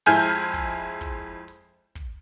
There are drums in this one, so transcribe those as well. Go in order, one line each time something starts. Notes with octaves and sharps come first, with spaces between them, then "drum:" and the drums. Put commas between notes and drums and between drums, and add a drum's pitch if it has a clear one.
F2 G#3 E4 G#5 F6 G6, drum: hi-hat
drum: kick, hi-hat
drum: kick, hi-hat
drum: hi-hat
drum: kick, hi-hat